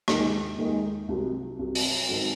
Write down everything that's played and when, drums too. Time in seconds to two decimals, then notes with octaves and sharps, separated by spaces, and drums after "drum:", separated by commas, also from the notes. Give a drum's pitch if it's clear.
0.08 D#2 D#3 G#3 D#4, drum: rim click
0.58 D#2 D#3 G#3 D#4
1.08 C2 C3 F#3
1.59 C2 C3 F#3
1.75 drum: open hi-hat
2.09 G#2 D#3 F#3 C4